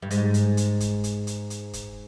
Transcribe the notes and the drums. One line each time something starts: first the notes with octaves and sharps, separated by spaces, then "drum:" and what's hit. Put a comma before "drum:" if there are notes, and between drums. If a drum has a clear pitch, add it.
G2
G#2, drum: hi-hat
drum: hi-hat
drum: hi-hat
drum: kick F#1, hi-hat
drum: hi-hat
drum: hi-hat
drum: hi-hat
drum: kick F#1, hi-hat